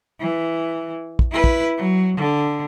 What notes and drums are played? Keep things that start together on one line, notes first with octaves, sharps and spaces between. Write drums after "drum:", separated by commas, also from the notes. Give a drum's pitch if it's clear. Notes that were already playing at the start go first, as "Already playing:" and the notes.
E3
drum: kick
E4 B4
drum: kick
F#3
D3